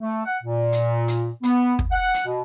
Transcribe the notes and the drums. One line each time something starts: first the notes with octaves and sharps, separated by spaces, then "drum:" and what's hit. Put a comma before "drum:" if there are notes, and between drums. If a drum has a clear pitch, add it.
A3
F#5
A#2
drum: hi-hat
drum: hi-hat
B3, drum: hi-hat
drum: kick
F#5
drum: hi-hat
B2